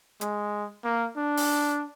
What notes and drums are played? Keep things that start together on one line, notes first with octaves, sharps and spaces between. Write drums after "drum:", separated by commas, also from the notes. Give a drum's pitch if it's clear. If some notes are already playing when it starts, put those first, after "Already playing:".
G#3, drum: hi-hat
A#3
D4
drum: open hi-hat